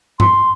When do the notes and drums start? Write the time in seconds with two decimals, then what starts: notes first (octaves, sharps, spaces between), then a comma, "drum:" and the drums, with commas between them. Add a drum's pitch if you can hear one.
0.20 C6, drum: tom G2